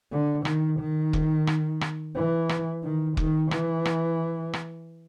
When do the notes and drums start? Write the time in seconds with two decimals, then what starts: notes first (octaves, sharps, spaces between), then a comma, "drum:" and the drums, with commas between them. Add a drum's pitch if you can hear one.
0.11 D3
0.45 D#3, drum: rim click
0.79 D#3
1.13 drum: kick
1.47 drum: rim click
1.81 drum: rim click
2.16 E3
2.49 drum: rim click
2.83 D#3
3.17 D#3, drum: kick
3.51 E3, drum: rim click
3.85 drum: rim click
4.53 drum: rim click